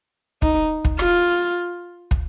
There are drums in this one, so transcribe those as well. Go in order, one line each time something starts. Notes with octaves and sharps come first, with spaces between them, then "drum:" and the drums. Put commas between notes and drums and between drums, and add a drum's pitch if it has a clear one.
D#4, drum: kick
drum: kick
F4, drum: rim click
drum: kick